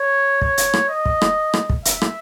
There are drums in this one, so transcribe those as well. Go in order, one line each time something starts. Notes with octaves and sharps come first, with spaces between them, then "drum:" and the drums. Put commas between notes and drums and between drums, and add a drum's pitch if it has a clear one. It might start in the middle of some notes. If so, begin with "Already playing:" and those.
Already playing: C#5
C#5, drum: kick
drum: hi-hat
drum: rim click
D#5
drum: kick
drum: rim click
drum: rim click
drum: kick
E5, drum: hi-hat
drum: rim click